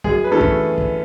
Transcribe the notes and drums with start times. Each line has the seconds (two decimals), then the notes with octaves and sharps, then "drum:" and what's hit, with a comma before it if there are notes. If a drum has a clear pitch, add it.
0.04 F#2 G#4, drum: kick
0.24 B4
0.31 E3 A3 C#4 A4
0.41 drum: kick
0.78 drum: kick